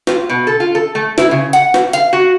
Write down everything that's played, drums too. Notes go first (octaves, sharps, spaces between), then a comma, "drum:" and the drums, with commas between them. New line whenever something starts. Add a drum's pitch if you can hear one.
F4, drum: snare
B2
A4
F4
A4
A3
E4, drum: snare
C#3
F#5, drum: hi-hat
drum: snare
F5, drum: hi-hat
F#4